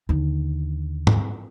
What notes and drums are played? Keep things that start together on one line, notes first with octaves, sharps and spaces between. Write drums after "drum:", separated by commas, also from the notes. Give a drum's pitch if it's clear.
D#2 D3
drum: tom G#2